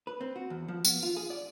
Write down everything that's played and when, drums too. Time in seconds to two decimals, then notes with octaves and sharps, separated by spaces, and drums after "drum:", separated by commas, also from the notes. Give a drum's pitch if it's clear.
0.07 B4
0.21 C4
0.36 F#4
0.50 E2
0.68 F3
0.85 B3, drum: tambourine
1.03 F4
1.17 G#4
1.30 D5